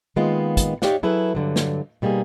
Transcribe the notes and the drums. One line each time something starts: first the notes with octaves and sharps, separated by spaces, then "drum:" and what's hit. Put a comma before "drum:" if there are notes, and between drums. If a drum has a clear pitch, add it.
D#3 G#3 A#3 B3 F4
drum: kick, hi-hat
D#4 G4 C#5 D5 F5 F#5, drum: snare
F#3 E4 G#4 A4 B4
G2 D3 F#3
drum: snare
B2 G3 A#3 D#4 G#4